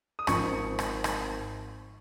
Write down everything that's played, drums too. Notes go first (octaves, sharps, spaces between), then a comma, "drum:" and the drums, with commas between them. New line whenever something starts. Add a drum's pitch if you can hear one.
D#6
G#1 G#2 F3 C4 C#6, drum: rim click
drum: rim click
drum: rim click